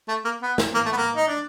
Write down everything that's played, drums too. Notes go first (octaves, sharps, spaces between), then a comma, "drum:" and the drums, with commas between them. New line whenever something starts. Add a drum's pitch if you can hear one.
A3
A#3
B3
drum: snare
A#3
A3
B3
A#3
D#4
D4